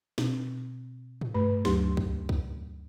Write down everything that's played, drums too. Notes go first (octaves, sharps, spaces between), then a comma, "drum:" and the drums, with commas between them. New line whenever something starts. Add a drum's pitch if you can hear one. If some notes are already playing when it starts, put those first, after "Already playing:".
B2 C4, drum: snare
drum: tom G#2
G2 A3 B4 B5
D2 F#3 G4 C6, drum: snare
drum: kick
drum: kick